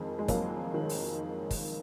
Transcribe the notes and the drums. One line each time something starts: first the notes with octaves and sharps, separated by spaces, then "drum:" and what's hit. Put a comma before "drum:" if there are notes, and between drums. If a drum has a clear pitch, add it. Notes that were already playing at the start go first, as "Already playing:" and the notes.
Already playing: F2 D#3 G#3
G#3
F2 F#3 A#3, drum: kick, hi-hat
D#3
drum: open hi-hat
drum: kick, open hi-hat